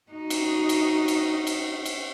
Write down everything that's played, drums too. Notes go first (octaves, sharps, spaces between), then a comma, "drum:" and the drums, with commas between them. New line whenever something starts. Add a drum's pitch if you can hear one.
D#4 F#4
drum: cymbal
drum: cymbal
drum: cymbal
drum: cymbal
drum: cymbal